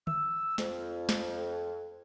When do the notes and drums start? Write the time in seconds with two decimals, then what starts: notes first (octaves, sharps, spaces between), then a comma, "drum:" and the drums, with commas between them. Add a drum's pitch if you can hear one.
0.07 E6, drum: tom
0.58 F2, drum: snare
1.09 drum: snare